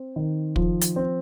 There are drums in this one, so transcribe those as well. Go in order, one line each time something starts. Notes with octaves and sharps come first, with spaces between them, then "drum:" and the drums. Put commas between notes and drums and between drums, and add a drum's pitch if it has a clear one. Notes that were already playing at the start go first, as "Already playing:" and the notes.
Already playing: C4
D#3
F3, drum: kick
drum: hi-hat
C4